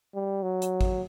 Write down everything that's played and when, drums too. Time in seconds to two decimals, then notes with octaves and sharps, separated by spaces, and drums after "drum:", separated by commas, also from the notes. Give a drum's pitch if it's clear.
0.15 G3
0.43 F#3
0.62 drum: hi-hat
0.81 drum: kick